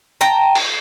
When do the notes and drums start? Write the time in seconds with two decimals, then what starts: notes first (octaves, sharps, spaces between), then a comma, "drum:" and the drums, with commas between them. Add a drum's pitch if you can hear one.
0.21 G5 A5 A#5
0.55 drum: cymbal